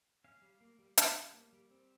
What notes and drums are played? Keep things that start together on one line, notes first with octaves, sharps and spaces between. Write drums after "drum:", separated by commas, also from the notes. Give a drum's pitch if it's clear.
C#4 F5
G3
A#3
G3
C#4, drum: hi-hat
G3
A#3
G3
C4